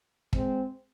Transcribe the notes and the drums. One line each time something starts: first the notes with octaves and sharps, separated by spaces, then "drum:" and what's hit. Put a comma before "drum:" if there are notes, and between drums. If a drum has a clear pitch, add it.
G#3 C4, drum: kick